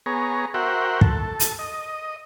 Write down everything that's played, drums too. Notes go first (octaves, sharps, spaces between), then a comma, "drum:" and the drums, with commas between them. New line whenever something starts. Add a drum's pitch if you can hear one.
B3 G#4 C#5 A#5
F#4 A#4 C5 E5 F#5 G5
A4, drum: kick
drum: hi-hat
D#5